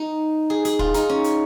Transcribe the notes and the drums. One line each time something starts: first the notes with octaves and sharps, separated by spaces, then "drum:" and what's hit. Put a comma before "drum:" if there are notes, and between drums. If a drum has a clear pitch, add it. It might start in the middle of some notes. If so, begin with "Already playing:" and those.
Already playing: D#4
G#4
G#4, drum: hi-hat
F4, drum: kick
D#4, drum: hi-hat
C#4
drum: hi-hat